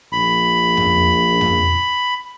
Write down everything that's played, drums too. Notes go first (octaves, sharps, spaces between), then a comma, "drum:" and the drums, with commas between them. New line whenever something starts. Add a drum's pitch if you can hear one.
A#1 B5
drum: tom
drum: tom